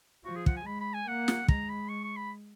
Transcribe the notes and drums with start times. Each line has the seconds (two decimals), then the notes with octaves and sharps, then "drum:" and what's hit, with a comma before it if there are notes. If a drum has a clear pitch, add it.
0.25 F3 F#4
0.36 G#4
0.46 F#5, drum: kick
0.57 G#5
0.66 G#3 B5
0.81 B5
0.94 G#5
1.07 A#3 F#5
1.28 drum: snare
1.48 G#3 A#5, drum: kick
1.69 B5
1.89 C#6
2.04 C#6
2.16 B5